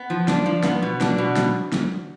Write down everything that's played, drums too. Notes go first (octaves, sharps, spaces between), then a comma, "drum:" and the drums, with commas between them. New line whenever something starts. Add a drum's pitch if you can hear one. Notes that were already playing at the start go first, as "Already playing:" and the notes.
Already playing: B3
F3
D4, drum: snare
F3
B3, drum: snare
B2
D4, drum: snare
B2
drum: snare
drum: snare